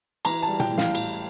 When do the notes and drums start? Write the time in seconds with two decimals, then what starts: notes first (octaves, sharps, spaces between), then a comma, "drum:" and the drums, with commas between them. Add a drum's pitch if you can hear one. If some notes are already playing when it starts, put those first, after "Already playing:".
0.25 E3 A#5, drum: cymbal
0.42 A5
0.48 G3
0.60 G5, drum: tom A#2
0.71 A2
0.78 F5, drum: snare
0.95 A2, drum: cymbal